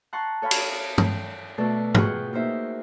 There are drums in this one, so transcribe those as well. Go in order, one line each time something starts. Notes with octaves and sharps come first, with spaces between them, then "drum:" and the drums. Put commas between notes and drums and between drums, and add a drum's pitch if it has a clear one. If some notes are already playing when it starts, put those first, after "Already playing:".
F#5 A5 A#5 C6 C#6 F#6
A4 C#5 F5 G#5 B5
drum: cymbal
G5, drum: tom
B2 A3 A4 D5 F#6
F4 F#4 G#4 F#5 G5 C#6, drum: tom
A#3 D#4 A#4 C5 E5